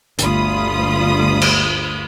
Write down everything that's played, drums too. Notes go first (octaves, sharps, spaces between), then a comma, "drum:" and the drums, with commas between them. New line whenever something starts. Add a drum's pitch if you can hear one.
G1 D2 F4 B5 D#6, drum: hi-hat
drum: cymbal